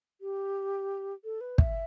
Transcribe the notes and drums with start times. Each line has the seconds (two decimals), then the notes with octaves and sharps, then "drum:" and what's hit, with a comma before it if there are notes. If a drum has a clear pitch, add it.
0.21 G4
1.24 A4
1.41 B4
1.58 E5, drum: kick